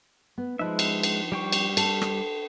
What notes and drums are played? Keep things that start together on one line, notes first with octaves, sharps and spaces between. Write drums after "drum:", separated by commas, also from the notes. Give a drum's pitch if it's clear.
B3
F3 G#3 D#4 B4 E5
drum: cymbal
drum: cymbal
G3 G5 C#6
drum: cymbal
A4, drum: cymbal
drum: rim click